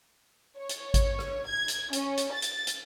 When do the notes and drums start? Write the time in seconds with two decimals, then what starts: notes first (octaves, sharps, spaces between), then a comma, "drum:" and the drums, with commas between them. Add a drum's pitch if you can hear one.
0.58 C#5
0.69 drum: hi-hat
0.94 drum: kick G#1, hi-hat
1.19 drum: rim click
1.47 G#6
1.68 drum: hi-hat
1.93 C#4, drum: hi-hat
2.17 drum: hi-hat
2.33 A6
2.42 drum: hi-hat
2.67 drum: hi-hat